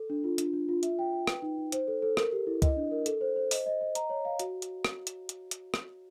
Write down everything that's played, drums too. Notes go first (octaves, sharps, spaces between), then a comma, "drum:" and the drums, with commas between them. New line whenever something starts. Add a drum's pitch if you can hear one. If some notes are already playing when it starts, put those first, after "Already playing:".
Already playing: A4
D4
F4
D4, drum: hi-hat
D4
F4
E5, drum: hi-hat
G5
G5
B4, drum: rim click
D#4
D#4
C5, drum: hi-hat
A4
A4
A#4, drum: rim click
G4
E4
D#5, drum: kick C2, hi-hat
D4
A#4
A4, drum: hi-hat
C5
C5
D#5, drum: open hi-hat
D#5
D#5
A#5, drum: hi-hat
C#5
F5
F#4, drum: hi-hat
drum: hi-hat
drum: rim click
drum: hi-hat
drum: hi-hat
drum: hi-hat
drum: rim click